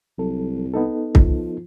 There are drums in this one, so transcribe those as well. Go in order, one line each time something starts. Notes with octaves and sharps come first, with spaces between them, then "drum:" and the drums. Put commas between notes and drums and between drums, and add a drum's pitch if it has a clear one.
C2 F#3 A4
B3 D#4 A4
F3, drum: kick C2